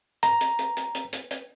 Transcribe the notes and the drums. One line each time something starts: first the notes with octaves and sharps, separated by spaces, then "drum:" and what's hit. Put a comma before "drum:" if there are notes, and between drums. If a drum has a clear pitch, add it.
A#5, drum: hi-hat
drum: hi-hat
drum: hi-hat
drum: hi-hat
drum: hi-hat
drum: hi-hat
drum: hi-hat